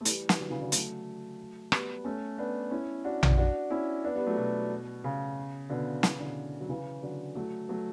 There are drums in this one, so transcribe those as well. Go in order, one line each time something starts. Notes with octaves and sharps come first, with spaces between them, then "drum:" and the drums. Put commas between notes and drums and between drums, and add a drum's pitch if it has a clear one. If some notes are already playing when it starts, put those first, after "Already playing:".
A3
E3 G3, drum: hi-hat
E3, drum: snare
D3 F#3
C#3 E3
D3 F#3
F#3 A3, drum: hi-hat
G3 B3, drum: rim click
A3 C#4
B3 D4
C#4 E4
D4 F#4
drum: tom A#1
D4 F#4
C#4 E4
B3 D4
G3 B3
F#3 A3
B2
C#3
B2 D3
C#3 E3, drum: snare
B2 D3
F#3
C#3 E3
D3 F#3
F#3 A3
F#3 A3